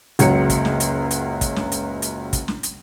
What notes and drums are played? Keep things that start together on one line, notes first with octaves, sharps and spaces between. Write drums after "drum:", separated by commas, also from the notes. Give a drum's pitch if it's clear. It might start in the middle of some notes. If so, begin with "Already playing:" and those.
F#1 C#2 F#3 C#7, drum: hi-hat
drum: kick, hi-hat
drum: snare
drum: hi-hat
drum: hi-hat
drum: kick, hi-hat
drum: snare
drum: hi-hat
drum: hi-hat
drum: kick, hi-hat
drum: snare
drum: hi-hat